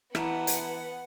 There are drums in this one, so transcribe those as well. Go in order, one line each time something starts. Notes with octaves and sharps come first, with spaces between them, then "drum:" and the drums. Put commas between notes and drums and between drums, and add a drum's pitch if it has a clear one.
E3 B3 E5 F#5 A5 A#5, drum: rim click
drum: hi-hat